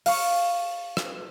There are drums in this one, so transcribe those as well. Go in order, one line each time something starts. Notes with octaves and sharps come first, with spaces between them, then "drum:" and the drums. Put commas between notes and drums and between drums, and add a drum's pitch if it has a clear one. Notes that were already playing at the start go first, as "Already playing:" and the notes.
F5 C#6, drum: open hi-hat
drum: rim click